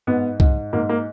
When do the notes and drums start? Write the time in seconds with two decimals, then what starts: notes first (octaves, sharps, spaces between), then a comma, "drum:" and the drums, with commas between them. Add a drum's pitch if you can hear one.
0.07 G#2 B3
0.40 G#2, drum: kick C2
0.73 G#2 A#3
0.89 A#3